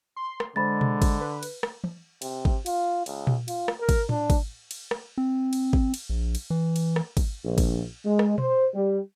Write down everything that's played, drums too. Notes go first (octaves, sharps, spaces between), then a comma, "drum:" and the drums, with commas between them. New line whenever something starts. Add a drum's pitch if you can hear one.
C6
drum: rim click
D3 G#3 C5 B5 A6
drum: tom B2
drum: kick G#1, cymbal
B4
drum: cymbal
drum: rim click
drum: tom E3
C3, drum: cymbal
drum: kick G#1
F4, drum: cymbal
C#2, drum: cymbal
drum: tom A#2
F4, drum: cymbal
drum: rim click
A#4
drum: kick G#1, cymbal
D4, drum: tom A2
drum: kick G#1, cymbal
drum: cymbal
drum: rim click
C4
drum: cymbal
drum: kick G#1
drum: cymbal
A#1
drum: cymbal
E3
drum: cymbal
drum: rim click
drum: kick G#1, cymbal
A#1
drum: kick G#1, cymbal
G#3
drum: rim click
C5, drum: tom B2
G3